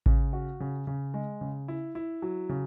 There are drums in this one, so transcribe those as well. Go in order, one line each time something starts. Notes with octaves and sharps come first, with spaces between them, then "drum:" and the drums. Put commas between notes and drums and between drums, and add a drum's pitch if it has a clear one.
C#3, drum: kick A1
F#4
C#3
C#3
G#3
C#3
E4
E4
F#3
C#3